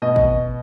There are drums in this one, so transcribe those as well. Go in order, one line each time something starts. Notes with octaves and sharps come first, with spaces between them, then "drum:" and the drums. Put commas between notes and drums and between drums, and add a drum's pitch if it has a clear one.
B2 D#5
drum: kick G#1